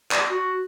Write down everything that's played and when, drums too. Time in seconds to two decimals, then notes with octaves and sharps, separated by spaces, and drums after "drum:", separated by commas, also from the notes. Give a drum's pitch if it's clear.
0.12 D5, drum: clap
0.30 F#4